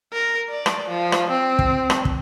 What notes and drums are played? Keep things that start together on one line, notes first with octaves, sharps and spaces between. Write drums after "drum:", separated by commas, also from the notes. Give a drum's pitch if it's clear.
A#4
D5
drum: rim click
F3
drum: rim click
C4
drum: kick
drum: rim click
drum: kick